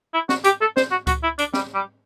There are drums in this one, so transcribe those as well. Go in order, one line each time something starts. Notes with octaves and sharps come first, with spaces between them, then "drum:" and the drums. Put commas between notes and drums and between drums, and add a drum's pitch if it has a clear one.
E4
F#4, drum: snare
G4, drum: hi-hat
A4
C5, drum: snare
F#4
F#4, drum: kick C#2, hi-hat
E4
D4, drum: hi-hat
G3, drum: snare
G3